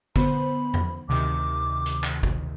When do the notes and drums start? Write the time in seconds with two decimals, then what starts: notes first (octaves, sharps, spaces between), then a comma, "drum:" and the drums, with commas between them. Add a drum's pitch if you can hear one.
0.16 D3 B3 C5 B5, drum: kick
0.74 drum: tom E2
1.09 D2 C3 D#3 D6
1.86 drum: hi-hat
2.04 drum: clap
2.23 drum: kick